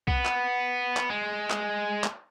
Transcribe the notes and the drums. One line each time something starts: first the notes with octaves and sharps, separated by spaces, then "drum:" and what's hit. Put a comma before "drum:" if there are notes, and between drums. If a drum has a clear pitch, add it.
B3, drum: kick B1
drum: clap
drum: clap
G#3
drum: clap
drum: clap